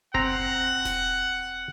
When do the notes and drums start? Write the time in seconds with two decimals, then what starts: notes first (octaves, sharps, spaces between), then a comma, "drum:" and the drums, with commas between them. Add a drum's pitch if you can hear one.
0.14 C4 F#5 A#5, drum: kick F#1
0.85 drum: snare E1